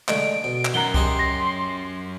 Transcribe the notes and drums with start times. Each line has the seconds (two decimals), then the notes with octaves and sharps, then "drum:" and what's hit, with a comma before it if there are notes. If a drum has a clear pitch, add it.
0.08 D3 G#3 A3 D#5 D7, drum: clap
0.44 B2
0.65 drum: clap
0.74 F#2 D#3 F#5 A#5 G7
0.94 G4 G#4 D#5 C6, drum: kick C2
1.19 A#6